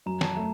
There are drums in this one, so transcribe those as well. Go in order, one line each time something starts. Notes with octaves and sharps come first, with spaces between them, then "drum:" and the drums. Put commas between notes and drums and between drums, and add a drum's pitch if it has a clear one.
F#2 A#5
A5, drum: snare
A3 A#5